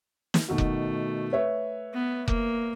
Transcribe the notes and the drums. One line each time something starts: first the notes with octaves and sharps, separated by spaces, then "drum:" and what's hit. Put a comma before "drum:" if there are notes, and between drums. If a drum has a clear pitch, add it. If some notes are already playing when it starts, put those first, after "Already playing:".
drum: snare
B2 D#3 A3 F#4
drum: kick F1
B4 C#5 E5
B3
A#3, drum: kick F1